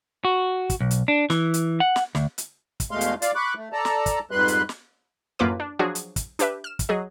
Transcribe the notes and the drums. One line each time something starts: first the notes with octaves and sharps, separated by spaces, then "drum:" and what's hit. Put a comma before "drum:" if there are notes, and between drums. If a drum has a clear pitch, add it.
F#4
drum: kick, hi-hat
B1
drum: hi-hat
D4
E3, drum: snare
drum: hi-hat
F#5
drum: snare
D2, drum: snare
drum: hi-hat
drum: kick, hi-hat
E2 B2 G#3 A3 F5 C6
drum: hi-hat
F4 D5 F5, drum: hi-hat
B5 C#6 D6 F#6
A3
A4 D5 A5 A#5
drum: snare
drum: kick, hi-hat
F2 G#2 G3 B4 C6 F#6
drum: hi-hat
drum: snare
F#2 A2 A#3 F4 B4 D6
D4
F3 F#3 D4 F#4 G#4
drum: hi-hat
drum: kick, hi-hat
D4 G4 B4 E5, drum: hi-hat
F6 E7
drum: kick, hi-hat
F#3 G#4 D#5